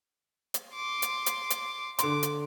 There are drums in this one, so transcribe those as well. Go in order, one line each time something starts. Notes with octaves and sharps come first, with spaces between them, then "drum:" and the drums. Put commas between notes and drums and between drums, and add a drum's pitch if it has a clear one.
drum: hi-hat
C6 D6
drum: hi-hat
drum: hi-hat
drum: hi-hat
D3 C6 D6, drum: hi-hat
drum: hi-hat